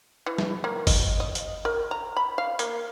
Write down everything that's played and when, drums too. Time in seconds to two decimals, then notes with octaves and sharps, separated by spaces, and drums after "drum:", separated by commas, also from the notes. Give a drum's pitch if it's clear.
0.26 E3
0.38 drum: snare G3
0.64 A#3
0.87 D#5, drum: kick G1, open hi-hat
1.20 D#5
1.35 drum: hi-hat
1.65 A#4
1.91 A#5
2.17 B5
2.38 F5
2.59 A#3, drum: hi-hat